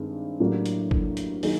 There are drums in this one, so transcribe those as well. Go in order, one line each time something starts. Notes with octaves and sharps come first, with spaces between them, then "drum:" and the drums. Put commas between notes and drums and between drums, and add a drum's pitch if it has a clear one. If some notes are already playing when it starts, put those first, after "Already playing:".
Already playing: G2 D#3 G#3 C4
A2 F#3 A#3 D4 G4
drum: hi-hat
drum: kick G1
drum: hi-hat
D#3 F#3 A#3 D#4 G#4, drum: open hi-hat